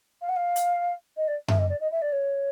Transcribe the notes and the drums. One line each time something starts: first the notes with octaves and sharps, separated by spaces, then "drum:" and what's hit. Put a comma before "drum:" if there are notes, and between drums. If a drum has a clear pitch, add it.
F5
F#5
F5
drum: hi-hat
D#5
D5
E5, drum: tom F#2
D#5
D5
D#5
E5
D5
C#5